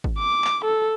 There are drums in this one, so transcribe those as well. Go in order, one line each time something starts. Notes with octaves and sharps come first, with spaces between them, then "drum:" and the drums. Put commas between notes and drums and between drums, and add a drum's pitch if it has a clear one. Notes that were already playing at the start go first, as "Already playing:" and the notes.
drum: kick
D6
drum: clap
A4